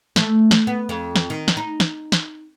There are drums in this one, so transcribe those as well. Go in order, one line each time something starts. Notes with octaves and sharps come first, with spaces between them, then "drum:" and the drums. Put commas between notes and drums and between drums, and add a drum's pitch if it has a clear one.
A3, drum: snare
drum: snare
B3
F2
drum: snare
D#3
drum: snare
D#4
drum: snare
drum: snare